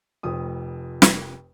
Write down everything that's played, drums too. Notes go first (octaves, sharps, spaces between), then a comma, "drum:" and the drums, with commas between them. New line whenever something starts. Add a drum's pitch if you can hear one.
F1 F2 D#6
drum: snare